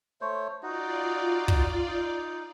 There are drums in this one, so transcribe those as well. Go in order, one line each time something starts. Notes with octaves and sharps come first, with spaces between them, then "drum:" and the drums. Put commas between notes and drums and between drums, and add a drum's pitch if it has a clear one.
A3 C5 C#5
D#4 F4 F#4 D5
drum: kick
D#4